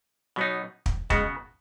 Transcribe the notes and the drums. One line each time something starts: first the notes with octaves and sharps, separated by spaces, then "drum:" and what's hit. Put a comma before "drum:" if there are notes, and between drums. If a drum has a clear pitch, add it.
B2 F#3 B3 D#4
drum: kick
C#3 G#3 B3 F#4, drum: kick